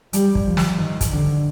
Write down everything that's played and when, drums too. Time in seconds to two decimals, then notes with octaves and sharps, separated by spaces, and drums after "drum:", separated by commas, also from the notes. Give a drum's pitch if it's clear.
0.13 G3, drum: hi-hat
0.35 drum: kick
0.46 F3
0.57 drum: snare
0.78 D#3
1.01 drum: kick, hi-hat
1.12 D3